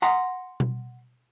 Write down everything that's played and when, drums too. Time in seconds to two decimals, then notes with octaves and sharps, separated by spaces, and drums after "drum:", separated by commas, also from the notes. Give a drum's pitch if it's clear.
0.02 F#5 A#5 C6, drum: hi-hat
0.60 drum: tom B2